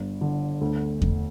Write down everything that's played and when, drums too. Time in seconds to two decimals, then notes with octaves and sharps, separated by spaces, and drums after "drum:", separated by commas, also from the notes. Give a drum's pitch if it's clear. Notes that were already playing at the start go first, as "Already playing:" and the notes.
Already playing: G1
0.21 D3
0.61 D2
1.02 drum: kick E2